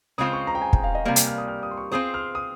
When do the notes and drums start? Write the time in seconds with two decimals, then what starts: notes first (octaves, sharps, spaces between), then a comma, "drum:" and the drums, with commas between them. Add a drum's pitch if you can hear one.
0.18 C#3 G#3 C4 F4 C5 D#6
0.33 C#6
0.47 A#5
0.55 G5
0.62 G#5
0.73 G5, drum: kick
0.84 F5
0.95 D#5
1.05 C3 G3 A#3 F5
1.16 G#5, drum: hi-hat
1.27 F6
1.38 D#6
1.48 F6
1.63 D#6
1.71 C6
1.77 C#6
1.92 C4 F4 G#4 C5 D#6
2.14 F6
2.35 D#6